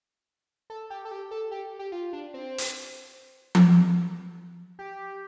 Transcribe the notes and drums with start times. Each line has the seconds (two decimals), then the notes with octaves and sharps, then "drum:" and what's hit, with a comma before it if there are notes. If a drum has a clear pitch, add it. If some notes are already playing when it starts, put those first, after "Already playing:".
0.70 A4
0.90 G4
1.05 A4
1.11 G4
1.31 A4
1.51 G4
1.79 G4
1.92 F4
2.13 D4
2.34 C4
2.58 drum: hi-hat
3.55 drum: tom F3
4.79 G4